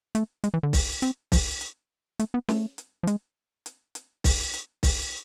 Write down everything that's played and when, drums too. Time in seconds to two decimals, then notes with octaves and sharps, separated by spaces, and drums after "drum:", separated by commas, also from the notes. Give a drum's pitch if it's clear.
0.15 A3, drum: hi-hat
0.44 G#3, drum: hi-hat
0.54 E3
0.63 D3
0.73 drum: kick B1, open hi-hat
1.02 C4, drum: hi-hat
1.32 F3, drum: kick B1, open hi-hat
1.61 drum: hi-hat
2.19 A3, drum: hi-hat
2.34 B3
2.49 A3, drum: snare
2.78 drum: hi-hat
3.03 F3
3.07 G#3, drum: hi-hat
3.66 drum: hi-hat
3.95 drum: hi-hat
4.24 drum: kick B1, open hi-hat
4.54 drum: hi-hat
4.83 drum: kick B1, open hi-hat